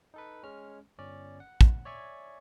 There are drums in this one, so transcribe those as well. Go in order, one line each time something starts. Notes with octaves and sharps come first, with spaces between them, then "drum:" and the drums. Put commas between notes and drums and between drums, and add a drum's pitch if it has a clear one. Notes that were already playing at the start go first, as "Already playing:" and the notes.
D#4 A4 B4
G#3 C#4 F6
G1 C#4 D5
F#5
drum: kick
C#5 D5 E5 G#5 C#6